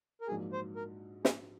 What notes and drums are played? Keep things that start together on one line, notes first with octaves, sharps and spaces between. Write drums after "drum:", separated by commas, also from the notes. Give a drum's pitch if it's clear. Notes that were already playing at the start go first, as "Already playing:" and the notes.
A#4
A#1 G#2 F#3 A#3 G#4
C5
A#4
G#4, drum: snare